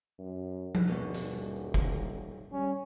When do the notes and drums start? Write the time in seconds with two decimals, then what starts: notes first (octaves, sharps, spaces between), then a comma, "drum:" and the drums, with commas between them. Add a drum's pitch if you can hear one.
0.19 F#2
0.75 drum: tom F3
0.87 D#1 G2 B2
1.14 drum: hi-hat
1.74 drum: kick
2.53 G3 C#4